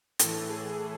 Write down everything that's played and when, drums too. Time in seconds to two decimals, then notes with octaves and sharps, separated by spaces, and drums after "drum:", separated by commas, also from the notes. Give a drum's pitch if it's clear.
0.19 A2 E3 A4, drum: hi-hat
0.48 G#4